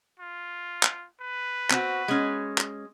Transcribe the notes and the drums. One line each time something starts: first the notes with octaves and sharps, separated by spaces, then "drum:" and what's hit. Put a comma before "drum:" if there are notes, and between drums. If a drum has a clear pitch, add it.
F4
drum: clap
B4
C4 F#4, drum: clap
G#3 C#4
drum: clap